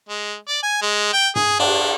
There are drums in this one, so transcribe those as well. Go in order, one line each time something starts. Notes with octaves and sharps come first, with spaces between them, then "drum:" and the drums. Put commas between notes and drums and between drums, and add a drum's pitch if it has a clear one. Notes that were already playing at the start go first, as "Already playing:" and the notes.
G#3
D5
G#5
G#3
G5
G#4, drum: tom G2
D4, drum: cymbal